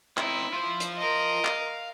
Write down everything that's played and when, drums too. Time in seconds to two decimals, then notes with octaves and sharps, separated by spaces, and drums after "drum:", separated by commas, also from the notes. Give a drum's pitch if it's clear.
0.18 C4 D#4 E4, drum: clap
0.53 F4 C5
0.80 drum: hi-hat
0.98 A#4 D#5
1.45 F5, drum: clap